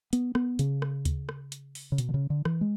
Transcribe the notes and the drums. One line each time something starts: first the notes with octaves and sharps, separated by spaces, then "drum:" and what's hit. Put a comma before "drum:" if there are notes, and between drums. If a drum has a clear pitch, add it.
B3, drum: hi-hat
B3, drum: rim click
C#3, drum: hi-hat
drum: rim click
drum: kick D2, hi-hat
drum: rim click
drum: hi-hat
drum: open hi-hat
C#3
B2, drum: hi-hat
D3
C#3
D3
E3, drum: rim click
G#3